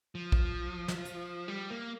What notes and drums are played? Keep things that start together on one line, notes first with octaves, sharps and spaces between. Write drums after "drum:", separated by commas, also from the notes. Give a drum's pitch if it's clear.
F3
drum: kick
drum: snare
drum: hi-hat
G3
A#3